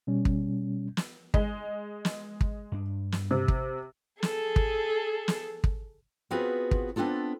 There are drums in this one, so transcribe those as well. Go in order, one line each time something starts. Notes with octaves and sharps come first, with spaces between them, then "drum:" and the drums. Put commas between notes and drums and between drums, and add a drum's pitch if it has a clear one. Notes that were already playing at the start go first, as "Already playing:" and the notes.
B2 G3 C#4
drum: kick
drum: snare
G#3, drum: kick
drum: snare
drum: kick
G2 D4
drum: snare
C3
drum: kick
G#4 A4, drum: snare
drum: kick
drum: snare
drum: kick
B3 C4 F4 F#4 G#4 B4
drum: kick
B3 C4 D4 F4 A4